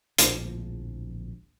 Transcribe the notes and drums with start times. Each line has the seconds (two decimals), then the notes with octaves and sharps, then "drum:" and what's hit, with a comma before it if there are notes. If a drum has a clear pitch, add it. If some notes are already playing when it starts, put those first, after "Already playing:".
0.18 D1 A#1 F3 G#3, drum: hi-hat